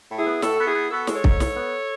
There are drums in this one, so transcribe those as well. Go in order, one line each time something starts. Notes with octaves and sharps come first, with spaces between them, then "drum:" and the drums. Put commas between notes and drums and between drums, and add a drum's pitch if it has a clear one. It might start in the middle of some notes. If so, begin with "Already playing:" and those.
A2
E4 G#4
B3
A2 F#4 A4, drum: snare
B3
E4 G#4
B3
B3 F#4 A4
G#3, drum: snare
A4 C#5
G#2, drum: kick
G#2, drum: snare
B3